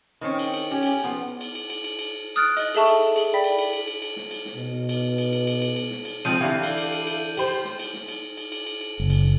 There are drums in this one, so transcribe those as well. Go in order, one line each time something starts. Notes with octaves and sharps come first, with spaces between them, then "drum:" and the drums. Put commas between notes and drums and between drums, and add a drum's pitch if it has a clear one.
D#3 C4 C#4
drum: cymbal
drum: cymbal
C#4 G4
drum: cymbal
F3 B3
drum: cymbal
drum: cymbal
drum: cymbal
drum: cymbal
drum: cymbal
D#6 F6 F#6 A6 D7
D#5, drum: cymbal
G#4 A4 E5 A5 C#6
drum: cymbal
G#4 F#7, drum: cymbal
D5 G5 B5 B6
drum: cymbal
drum: cymbal
drum: cymbal
drum: cymbal
drum: cymbal
drum: snare
drum: cymbal
drum: snare
B2
drum: cymbal
drum: cymbal
drum: cymbal
drum: cymbal
drum: cymbal
drum: cymbal
drum: snare
drum: cymbal
F3 G#3 C4 G6 D#7
D3 E3 E4 G4 F5
drum: cymbal
drum: cymbal
drum: cymbal
drum: cymbal
G4 C5, drum: cymbal
drum: cymbal
drum: snare
drum: cymbal
drum: snare
drum: cymbal
drum: cymbal
drum: cymbal
drum: cymbal
drum: cymbal
F#1
drum: cymbal